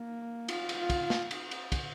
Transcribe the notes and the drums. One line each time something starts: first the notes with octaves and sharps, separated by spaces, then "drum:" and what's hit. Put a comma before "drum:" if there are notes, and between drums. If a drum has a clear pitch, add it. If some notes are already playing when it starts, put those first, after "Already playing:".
Already playing: A#3
F4, drum: cymbal
drum: cymbal
F4
drum: kick, cymbal
drum: snare
drum: cymbal
drum: cymbal
drum: kick, cymbal